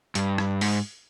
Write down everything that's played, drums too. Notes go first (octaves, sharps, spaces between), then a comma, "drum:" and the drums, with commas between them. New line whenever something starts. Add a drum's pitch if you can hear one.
G2, drum: hi-hat
drum: rim click
G#2, drum: open hi-hat